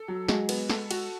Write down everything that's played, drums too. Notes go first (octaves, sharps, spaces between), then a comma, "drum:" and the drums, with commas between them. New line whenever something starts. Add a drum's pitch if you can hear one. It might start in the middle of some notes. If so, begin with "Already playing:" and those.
Already playing: A4
F#3
G#3 F#4, drum: snare
B3, drum: cymbal
A4, drum: snare
F#4, drum: cymbal